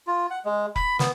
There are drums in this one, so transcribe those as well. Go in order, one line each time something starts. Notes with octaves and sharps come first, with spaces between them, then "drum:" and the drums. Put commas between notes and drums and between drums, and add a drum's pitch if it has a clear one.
F4
F#5
G#3
B5, drum: kick F1
B3, drum: snare